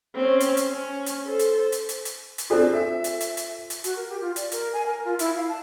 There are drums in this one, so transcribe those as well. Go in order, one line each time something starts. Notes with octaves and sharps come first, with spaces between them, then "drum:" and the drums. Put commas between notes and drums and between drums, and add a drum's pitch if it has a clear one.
C4 C#4
drum: hi-hat
drum: hi-hat
C#4
drum: hi-hat
A4 C5
drum: hi-hat
drum: hi-hat
drum: hi-hat
drum: hi-hat
drum: hi-hat
C4 D4 F4 G#4 A4 C5
E5
drum: hi-hat
drum: hi-hat
drum: hi-hat
drum: hi-hat
F#4, drum: hi-hat
A#4
G4
F4
D5, drum: hi-hat
A#4, drum: hi-hat
G#5
A#4
F4
E4, drum: hi-hat
F5
A5